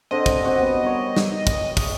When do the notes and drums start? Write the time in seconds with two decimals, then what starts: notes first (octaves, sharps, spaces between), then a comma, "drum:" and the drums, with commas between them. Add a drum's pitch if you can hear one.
0.11 D3 C4 D#5
0.26 drum: kick, hi-hat
0.44 C4 F#4 G4
0.62 B3
0.83 G3 A#4 C#5
1.16 drum: snare
1.47 drum: kick, hi-hat
1.77 drum: kick, open hi-hat